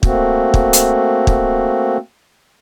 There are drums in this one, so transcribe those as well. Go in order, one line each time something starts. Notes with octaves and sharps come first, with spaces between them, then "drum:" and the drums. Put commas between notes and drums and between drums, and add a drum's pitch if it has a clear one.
A3 A#3 C4 F#4, drum: kick
drum: kick
drum: hi-hat
drum: kick